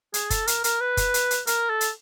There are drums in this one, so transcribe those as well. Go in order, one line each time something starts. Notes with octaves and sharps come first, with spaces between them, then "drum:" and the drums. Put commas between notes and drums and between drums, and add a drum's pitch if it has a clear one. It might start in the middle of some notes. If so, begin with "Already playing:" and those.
G#4, drum: hi-hat
A4, drum: kick F#1, hi-hat
A#4, drum: hi-hat
A#4, drum: hi-hat
B4
drum: kick F#1, hi-hat
drum: hi-hat
drum: hi-hat
A#4, drum: hi-hat
A4
drum: hi-hat